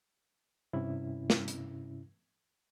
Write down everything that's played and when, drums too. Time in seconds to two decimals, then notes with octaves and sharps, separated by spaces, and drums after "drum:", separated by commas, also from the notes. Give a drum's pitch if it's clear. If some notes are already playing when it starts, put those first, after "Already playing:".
0.73 G2 C3 C#4 E4
1.30 drum: snare
1.48 drum: hi-hat